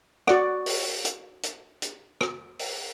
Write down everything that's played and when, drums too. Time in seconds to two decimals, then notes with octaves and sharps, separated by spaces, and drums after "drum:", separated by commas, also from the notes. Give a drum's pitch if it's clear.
0.27 F#4 D5 F#5, drum: rim click
0.66 drum: open hi-hat
1.05 drum: hi-hat
1.43 drum: hi-hat
1.82 drum: hi-hat
2.21 drum: rim click
2.59 drum: open hi-hat